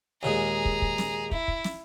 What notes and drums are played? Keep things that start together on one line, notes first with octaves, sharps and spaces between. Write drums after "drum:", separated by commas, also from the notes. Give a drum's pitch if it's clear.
D#2 A#2 G#3 G#4 A#5
drum: kick
drum: kick
drum: snare
E4, drum: kick
drum: kick
drum: snare